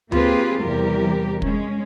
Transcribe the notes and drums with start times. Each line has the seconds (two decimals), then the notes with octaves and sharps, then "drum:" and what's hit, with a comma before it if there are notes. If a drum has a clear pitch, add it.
0.12 A#3 C4 F4 G4 G#4 B4, drum: tom D2
0.62 E2 C3 E3 G3 G4 A#4
1.42 G#3 C#4, drum: kick